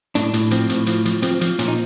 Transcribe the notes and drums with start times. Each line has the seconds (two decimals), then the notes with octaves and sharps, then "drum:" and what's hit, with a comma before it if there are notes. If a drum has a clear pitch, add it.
0.15 A2 D4, drum: hi-hat
0.34 A2, drum: hi-hat
0.51 F3 C4, drum: hi-hat
0.69 A2, drum: hi-hat
0.87 F3, drum: hi-hat
1.05 F3, drum: hi-hat
1.22 F3 C4, drum: hi-hat
1.41 F3, drum: hi-hat
1.59 A#2 C#4, drum: hi-hat
1.68 D#4